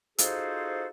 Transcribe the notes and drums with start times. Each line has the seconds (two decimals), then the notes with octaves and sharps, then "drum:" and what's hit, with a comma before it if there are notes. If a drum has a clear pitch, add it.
0.18 D#4 F4 F#4 G#4 A4 C5, drum: hi-hat